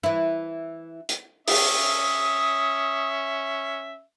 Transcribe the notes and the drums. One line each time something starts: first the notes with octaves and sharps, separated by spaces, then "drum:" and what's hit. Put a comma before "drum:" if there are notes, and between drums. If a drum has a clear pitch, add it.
E3 E4
drum: hi-hat
C#4 E5 D#6, drum: open hi-hat